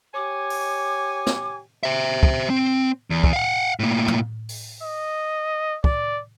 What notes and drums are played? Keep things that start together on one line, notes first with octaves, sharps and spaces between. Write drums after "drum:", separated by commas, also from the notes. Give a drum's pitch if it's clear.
G4 C#5 G#5 D6
drum: open hi-hat
drum: snare
C5 E5
drum: kick
C4
E2
drum: kick
F5 F#5
A2 A#3
drum: tom
drum: open hi-hat
D#5
D5, drum: kick